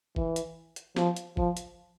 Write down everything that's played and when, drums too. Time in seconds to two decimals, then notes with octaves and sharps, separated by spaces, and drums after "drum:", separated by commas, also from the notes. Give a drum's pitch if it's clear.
0.16 E3, drum: kick
0.36 drum: hi-hat
0.76 drum: hi-hat
0.96 F3, drum: snare
1.16 drum: hi-hat
1.37 F3, drum: kick
1.57 drum: hi-hat